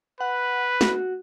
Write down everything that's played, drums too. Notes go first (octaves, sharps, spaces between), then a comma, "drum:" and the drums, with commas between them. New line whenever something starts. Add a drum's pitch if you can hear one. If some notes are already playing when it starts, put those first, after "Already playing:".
B4 F#5
F#4, drum: snare